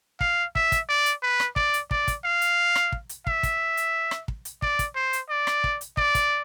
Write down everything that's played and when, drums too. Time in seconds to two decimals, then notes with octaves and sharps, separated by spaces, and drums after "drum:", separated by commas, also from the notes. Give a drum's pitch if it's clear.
0.21 F5, drum: kick
0.55 E5, drum: kick
0.72 drum: kick, hi-hat
0.89 D5
1.06 drum: hi-hat
1.23 B4
1.40 drum: rim click
1.56 D5, drum: kick
1.74 drum: hi-hat
1.91 D5, drum: kick
2.08 drum: kick, hi-hat
2.25 F5
2.42 drum: hi-hat
2.75 drum: rim click
2.92 drum: kick
3.09 drum: hi-hat
3.27 E5, drum: kick
3.43 drum: kick, hi-hat
3.77 drum: hi-hat
4.11 drum: rim click
4.28 drum: kick
4.45 drum: hi-hat
4.62 D5, drum: kick
4.79 drum: kick, hi-hat
4.96 C5
5.13 drum: hi-hat
5.30 D5
5.47 drum: rim click
5.64 drum: kick
5.81 drum: hi-hat
5.97 D5, drum: kick
6.15 drum: kick, hi-hat